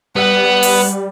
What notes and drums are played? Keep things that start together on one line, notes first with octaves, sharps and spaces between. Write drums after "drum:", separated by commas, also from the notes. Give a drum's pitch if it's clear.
G3 B3 F#5
drum: open hi-hat